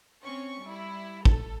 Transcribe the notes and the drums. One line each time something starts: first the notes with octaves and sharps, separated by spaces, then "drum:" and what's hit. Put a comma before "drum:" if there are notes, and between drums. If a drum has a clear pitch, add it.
C4 C#4 C#6
G3 E4
A4, drum: kick